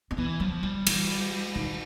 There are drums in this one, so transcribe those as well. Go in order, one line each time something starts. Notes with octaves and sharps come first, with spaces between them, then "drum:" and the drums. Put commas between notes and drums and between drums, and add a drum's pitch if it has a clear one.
C4
E3 B3
F3 F#3
F3 G3
E3, drum: cymbal
D#3